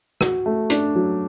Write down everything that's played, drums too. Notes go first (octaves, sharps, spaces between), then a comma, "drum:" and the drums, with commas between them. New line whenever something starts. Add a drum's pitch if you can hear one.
F#4, drum: rim click
A3
D4, drum: hi-hat
F#3